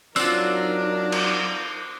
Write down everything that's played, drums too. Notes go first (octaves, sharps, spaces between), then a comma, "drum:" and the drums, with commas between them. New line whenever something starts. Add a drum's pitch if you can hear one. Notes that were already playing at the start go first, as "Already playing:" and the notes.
F#3 C4 D4 D#4 F4 A#4 E6 F#6, drum: tambourine
drum: cymbal